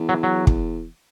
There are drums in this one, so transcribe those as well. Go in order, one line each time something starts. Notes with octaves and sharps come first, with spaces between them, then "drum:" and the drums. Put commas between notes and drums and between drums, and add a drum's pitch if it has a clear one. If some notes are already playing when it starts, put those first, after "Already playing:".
Already playing: E2
F#3
F#3
drum: kick